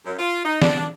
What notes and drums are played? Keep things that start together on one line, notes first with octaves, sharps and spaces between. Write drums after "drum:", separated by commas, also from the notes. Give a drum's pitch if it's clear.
F#2
F4
D#4
D4, drum: snare